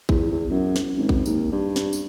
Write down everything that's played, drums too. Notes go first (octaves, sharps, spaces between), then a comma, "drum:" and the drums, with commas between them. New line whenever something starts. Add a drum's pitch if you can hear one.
E2, drum: kick A1
E2
F#2
drum: snare
G#1
drum: kick A1
D#2, drum: tambourine
G2
drum: snare
drum: tambourine